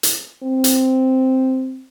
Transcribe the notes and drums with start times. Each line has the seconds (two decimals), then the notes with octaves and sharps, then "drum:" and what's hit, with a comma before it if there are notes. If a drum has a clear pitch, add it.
0.03 drum: hi-hat
0.43 C4
0.64 drum: hi-hat